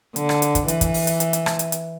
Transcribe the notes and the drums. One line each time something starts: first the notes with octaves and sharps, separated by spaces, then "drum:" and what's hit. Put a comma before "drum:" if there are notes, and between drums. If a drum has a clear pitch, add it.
D3, drum: hi-hat
drum: rim click
drum: hi-hat
drum: kick, hi-hat
E3, drum: hi-hat
drum: kick, hi-hat
drum: open hi-hat
drum: hi-hat
drum: hi-hat
drum: hi-hat
drum: rim click
drum: hi-hat
drum: hi-hat